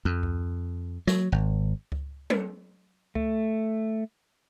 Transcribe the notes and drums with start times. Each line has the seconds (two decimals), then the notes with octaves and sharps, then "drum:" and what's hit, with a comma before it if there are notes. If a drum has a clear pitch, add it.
0.05 F2
0.23 drum: kick C#2
1.07 F#3, drum: snare
1.32 G#1
1.92 drum: kick C#2
2.30 drum: tom F#3
3.15 A3, drum: kick C#2